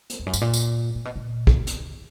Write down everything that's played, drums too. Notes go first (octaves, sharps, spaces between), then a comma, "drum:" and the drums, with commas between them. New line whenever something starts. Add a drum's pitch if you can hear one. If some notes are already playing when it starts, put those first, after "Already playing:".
drum: hi-hat
E2
F#2
G2, drum: tambourine
A#2
drum: tambourine
A#2
B2
A#2
drum: kick
drum: hi-hat